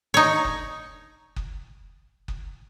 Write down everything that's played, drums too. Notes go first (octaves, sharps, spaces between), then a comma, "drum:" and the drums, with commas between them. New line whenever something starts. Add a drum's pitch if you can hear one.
D#4 C#5
drum: kick F#1
drum: kick F#1
drum: kick F#1